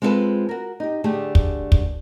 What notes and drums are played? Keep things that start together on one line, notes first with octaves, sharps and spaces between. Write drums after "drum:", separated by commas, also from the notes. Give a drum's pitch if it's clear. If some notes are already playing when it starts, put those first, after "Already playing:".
G#3 C4 F4 F#4 A4 B4
F#4 A#4
D#4 G4
D3 A3 G4 G#4
drum: kick
drum: kick